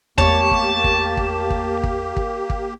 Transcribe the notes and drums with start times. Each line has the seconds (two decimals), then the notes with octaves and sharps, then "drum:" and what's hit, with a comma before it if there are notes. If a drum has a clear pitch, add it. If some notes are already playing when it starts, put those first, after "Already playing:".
0.18 E2 A3 A#3 G4 C#5 A5, drum: kick
0.51 drum: kick
0.84 drum: kick
1.17 drum: kick
1.50 drum: kick
1.83 drum: kick
2.17 drum: kick
2.50 drum: kick